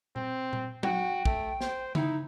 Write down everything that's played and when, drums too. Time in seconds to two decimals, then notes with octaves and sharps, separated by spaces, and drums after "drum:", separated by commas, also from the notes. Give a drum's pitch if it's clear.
0.16 C4, drum: tom A#2
0.53 drum: tom A#2
0.83 F#4 G5, drum: tom F#3
1.25 A3, drum: kick A#1
1.61 C5, drum: snare
1.95 D#4 E4, drum: tom C#3